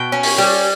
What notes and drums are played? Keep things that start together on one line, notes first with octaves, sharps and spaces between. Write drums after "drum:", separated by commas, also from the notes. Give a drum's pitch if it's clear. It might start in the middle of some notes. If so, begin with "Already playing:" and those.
Already playing: B2 G5
C#4
drum: open hi-hat
G3